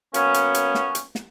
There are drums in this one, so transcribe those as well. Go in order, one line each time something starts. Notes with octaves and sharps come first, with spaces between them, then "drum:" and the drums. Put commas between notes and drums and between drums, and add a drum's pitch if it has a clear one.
F#3 A#3 B3 C#4, drum: hi-hat
drum: hi-hat
drum: hi-hat
drum: snare
drum: hi-hat
drum: snare